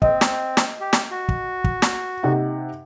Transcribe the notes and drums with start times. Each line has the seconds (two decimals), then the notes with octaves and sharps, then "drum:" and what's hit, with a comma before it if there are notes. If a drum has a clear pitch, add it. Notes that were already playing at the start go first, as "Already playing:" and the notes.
0.02 C4 D#5, drum: kick
0.21 drum: snare
0.57 drum: snare
0.81 G4
0.93 drum: snare
1.11 F#4
1.29 drum: kick
1.64 drum: kick
1.82 drum: snare
2.23 C3 D#4 F#5